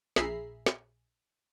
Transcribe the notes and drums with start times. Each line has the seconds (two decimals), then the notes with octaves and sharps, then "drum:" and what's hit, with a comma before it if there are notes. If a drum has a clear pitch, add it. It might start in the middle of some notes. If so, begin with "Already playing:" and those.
0.16 A#1 G#4 E5 A#5 B5 C7, drum: snare
0.66 drum: snare